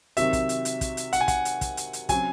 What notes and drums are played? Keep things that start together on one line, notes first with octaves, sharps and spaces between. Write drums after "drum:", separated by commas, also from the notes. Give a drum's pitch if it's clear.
C3 D#3 F#3 C4 F#4 E5, drum: hi-hat
drum: kick, hi-hat
drum: hi-hat
drum: hi-hat
drum: kick, hi-hat
drum: hi-hat
F#5, drum: hi-hat
G#5
F#5, drum: kick, hi-hat
drum: hi-hat
drum: kick, hi-hat
drum: hi-hat
drum: hi-hat
C#3 F#3 C4 F#4 G#5, drum: kick, hi-hat